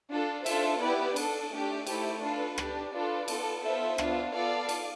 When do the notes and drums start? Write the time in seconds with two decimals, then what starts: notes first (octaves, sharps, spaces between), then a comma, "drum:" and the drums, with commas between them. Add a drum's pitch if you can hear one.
0.11 D4 F4 A4
0.46 D4 F4 A4 C5 E5, drum: cymbal
0.81 B3 E4 G4 B4 D5
1.16 D4 A4, drum: cymbal
1.52 A3 D4 G4
1.87 A3 E4 G4 A4 C5, drum: cymbal
2.22 D4 F4 A4 B4
2.58 D4 G4, drum: rim click
2.93 D4 F4 A4 B4 D5
3.28 B3 F4 A4, drum: cymbal
3.63 B3 F4 A4 C5 E5
3.98 B3 D4 F4, drum: rim click
4.33 B3 F4 A4 D5 F5
4.69 drum: cymbal